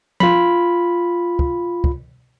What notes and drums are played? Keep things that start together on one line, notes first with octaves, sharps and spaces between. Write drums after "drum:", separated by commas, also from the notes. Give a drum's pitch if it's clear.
F4 B5, drum: tom F3
drum: kick
drum: kick